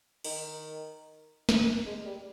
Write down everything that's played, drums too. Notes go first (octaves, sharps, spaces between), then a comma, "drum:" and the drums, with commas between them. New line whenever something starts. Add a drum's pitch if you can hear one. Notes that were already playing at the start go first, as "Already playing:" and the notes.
D#3, drum: open hi-hat
drum: snare
G#3
G3